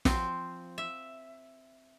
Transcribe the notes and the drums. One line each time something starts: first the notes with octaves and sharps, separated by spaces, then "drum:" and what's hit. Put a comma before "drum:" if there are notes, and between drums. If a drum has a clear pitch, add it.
F3 C4, drum: snare
E5